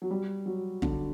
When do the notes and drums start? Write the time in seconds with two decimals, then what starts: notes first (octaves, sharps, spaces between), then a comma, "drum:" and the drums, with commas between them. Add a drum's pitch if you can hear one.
0.02 F#3
0.11 G3
0.46 F#3
0.82 D3, drum: kick